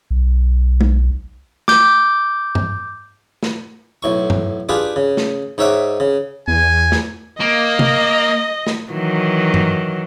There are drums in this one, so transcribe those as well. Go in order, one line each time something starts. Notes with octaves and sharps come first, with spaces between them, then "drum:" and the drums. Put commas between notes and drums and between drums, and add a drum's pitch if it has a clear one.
B1
drum: tom G#3
D6 G6, drum: snare
drum: tom G2
drum: snare
B1 A2 C#6
drum: tom G2
D4 F4 G4 G#4 B4
C#3
drum: snare
G#2 D#4 C#5 E5 F#5 D6
C#3
E2 G#5
drum: snare
A#3 D#5
drum: tom
drum: snare
D#3 E3 F#3
drum: tom G2